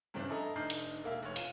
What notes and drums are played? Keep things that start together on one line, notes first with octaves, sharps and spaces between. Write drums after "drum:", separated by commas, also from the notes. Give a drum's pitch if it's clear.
E2 G2 C#3 E3 C4 D4
D4 E4 A4 D#5 A#5
F1 D4 D#4 F6 G6 C7
drum: hi-hat
E1 A#3 E5
F1 C#5
F4 D#7 E7, drum: hi-hat